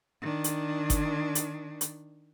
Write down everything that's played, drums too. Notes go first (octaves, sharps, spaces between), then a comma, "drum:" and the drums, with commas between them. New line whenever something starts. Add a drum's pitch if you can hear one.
D#3 D4
drum: hi-hat
drum: kick G1, hi-hat
drum: hi-hat
drum: hi-hat